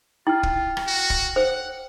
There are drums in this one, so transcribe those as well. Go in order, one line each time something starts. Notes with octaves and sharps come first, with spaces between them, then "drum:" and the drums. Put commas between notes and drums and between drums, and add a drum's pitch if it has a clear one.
E4 F4 G5 F6
drum: kick
drum: rim click
F#4
drum: kick
C5 F#5